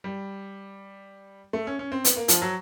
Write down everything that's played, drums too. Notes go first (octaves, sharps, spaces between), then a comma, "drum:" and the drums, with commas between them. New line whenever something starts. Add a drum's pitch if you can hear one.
G3
A3
C#4
C#4
C4
B3, drum: hi-hat
A#3
F3, drum: hi-hat
F#3